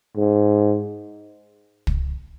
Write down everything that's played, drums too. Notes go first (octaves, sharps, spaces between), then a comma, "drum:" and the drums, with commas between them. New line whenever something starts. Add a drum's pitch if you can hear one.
G#2
drum: kick